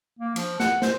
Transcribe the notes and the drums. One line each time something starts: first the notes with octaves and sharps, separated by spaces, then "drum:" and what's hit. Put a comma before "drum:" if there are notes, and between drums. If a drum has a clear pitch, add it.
A#3
F3, drum: cymbal
F#5, drum: snare
C5, drum: snare